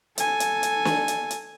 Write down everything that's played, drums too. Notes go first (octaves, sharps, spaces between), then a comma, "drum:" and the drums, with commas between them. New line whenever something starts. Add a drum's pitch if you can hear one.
A4 G#5, drum: hi-hat
drum: hi-hat
drum: hi-hat
drum: snare
drum: hi-hat
drum: hi-hat